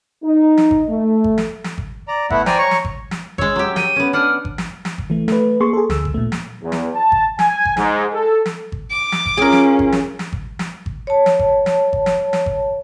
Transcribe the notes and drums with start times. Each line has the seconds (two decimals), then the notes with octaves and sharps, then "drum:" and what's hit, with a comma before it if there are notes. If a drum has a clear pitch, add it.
0.23 D#4
0.57 drum: snare
0.71 drum: kick G#1
0.89 A3
1.24 drum: kick G#1
1.38 drum: snare
1.64 drum: snare
1.78 drum: kick G#1
2.08 D5 A#5
2.30 A3 B3 E4 E5 F#5, drum: kick G#1
2.46 C5 D5 G5 G#5 A#5, drum: snare
2.58 C#5 A#5 C#6
2.71 drum: snare
2.85 drum: kick G#1
3.11 drum: snare
3.38 G#3 C#5 E6, drum: kick G#1
3.56 F#3 G4
3.76 G5 D#7, drum: snare
3.96 B3 C#4
4.13 D4 F#5 F6
4.45 drum: kick G#1
4.58 drum: snare
4.85 drum: snare
4.98 drum: kick G#1
5.10 E3 A3
5.28 A3 B4, drum: snare
5.60 A#3 G#4 C6 C#6
5.73 G#4 A4
5.90 D2 E6, drum: snare
6.05 drum: kick G#1
6.14 A#2 A3
6.32 drum: snare
6.62 E2
6.72 drum: snare
6.95 A5
7.12 drum: kick G#1
7.39 G#5, drum: snare
7.65 drum: kick G#1
7.77 G#2, drum: snare
8.13 A4
8.46 drum: snare
8.72 drum: kick G#1
8.91 D6
9.12 drum: snare
9.26 drum: kick G#1
9.37 C#4 F4 G#4 A#4
9.52 drum: snare
9.79 drum: kick G#1
9.92 drum: snare
10.19 drum: snare
10.33 drum: kick G#1
10.59 drum: snare
10.86 drum: kick G#1
11.07 C#5 A5
11.26 drum: snare
11.39 drum: kick G#1
11.66 drum: snare
11.93 drum: kick G#1
12.06 drum: snare
12.33 drum: snare
12.46 drum: kick G#1